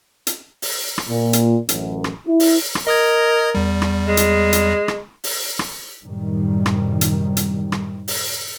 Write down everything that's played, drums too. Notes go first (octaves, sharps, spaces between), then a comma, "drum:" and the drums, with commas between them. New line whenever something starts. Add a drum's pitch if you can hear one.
drum: hi-hat
drum: open hi-hat
drum: rim click
A#2
drum: hi-hat
A1 F#2, drum: hi-hat
drum: rim click
E4
drum: open hi-hat
drum: rim click
A#4 D#5 D#6 G#6
E2 G3
drum: rim click
G#3
drum: hi-hat
drum: hi-hat
drum: rim click
drum: open hi-hat
drum: rim click
F#2 A2 C3 D#3 G3
drum: rim click
drum: hi-hat
drum: hi-hat
drum: rim click
drum: open hi-hat